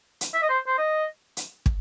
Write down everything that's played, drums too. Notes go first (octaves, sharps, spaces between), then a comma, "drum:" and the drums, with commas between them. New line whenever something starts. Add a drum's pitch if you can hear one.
drum: hi-hat
E5
D#5
C5
C5
D#5
drum: hi-hat
drum: kick